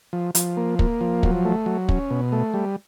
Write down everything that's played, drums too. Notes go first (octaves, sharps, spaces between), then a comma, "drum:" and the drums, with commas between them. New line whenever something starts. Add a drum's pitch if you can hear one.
F3
F3, drum: hi-hat
A#3
A#3, drum: kick
F3
F#3, drum: kick
A3
F#3
C#4, drum: kick
B2
A3
G3